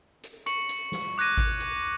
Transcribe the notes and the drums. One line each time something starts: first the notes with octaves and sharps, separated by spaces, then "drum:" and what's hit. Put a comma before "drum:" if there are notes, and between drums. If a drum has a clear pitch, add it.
drum: hi-hat
C#6 C#7 F#7, drum: hi-hat
drum: hi-hat
drum: snare
D6 F#6 G#6 A#6 D#7
drum: kick G#1, hi-hat
drum: hi-hat